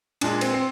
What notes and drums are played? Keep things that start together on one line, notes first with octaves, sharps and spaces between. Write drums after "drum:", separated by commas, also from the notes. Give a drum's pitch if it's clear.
A#2 G#3 D4, drum: cymbal
C4, drum: cymbal
C4